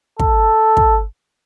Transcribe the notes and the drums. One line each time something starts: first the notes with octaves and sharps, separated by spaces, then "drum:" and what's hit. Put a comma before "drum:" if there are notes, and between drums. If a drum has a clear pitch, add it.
A4, drum: kick
drum: kick